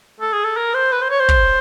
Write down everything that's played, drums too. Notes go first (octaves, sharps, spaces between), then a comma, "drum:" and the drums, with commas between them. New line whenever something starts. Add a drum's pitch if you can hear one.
A4
G#4
A4
A#4
C5
B4
C5
C#5
C5
drum: kick